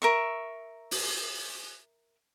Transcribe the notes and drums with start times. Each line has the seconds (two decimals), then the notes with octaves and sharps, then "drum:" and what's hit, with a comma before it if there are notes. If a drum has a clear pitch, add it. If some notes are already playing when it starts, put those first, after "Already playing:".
0.02 A#4 E5 C#6
0.91 drum: open hi-hat